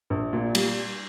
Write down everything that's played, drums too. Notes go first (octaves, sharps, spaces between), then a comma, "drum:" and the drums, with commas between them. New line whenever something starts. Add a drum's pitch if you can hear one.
A#1
A#2
G3, drum: cymbal